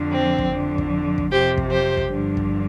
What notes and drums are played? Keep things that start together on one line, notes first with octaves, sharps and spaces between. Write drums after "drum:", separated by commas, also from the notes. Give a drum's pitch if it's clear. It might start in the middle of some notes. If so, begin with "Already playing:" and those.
Already playing: F2 D3 F3
C4
drum: kick
F2 D3 F3
drum: kick
drum: kick
F2 C3 F3 G4 C5
drum: kick
G4 C5
drum: kick
G2 D3 F3
drum: kick